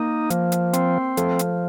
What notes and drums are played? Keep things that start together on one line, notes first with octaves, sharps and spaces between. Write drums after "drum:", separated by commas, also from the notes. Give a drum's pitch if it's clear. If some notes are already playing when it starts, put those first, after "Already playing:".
Already playing: A#3 D#4
F3, drum: hi-hat
drum: hi-hat
C4, drum: hi-hat
F3 A3, drum: hi-hat
drum: hi-hat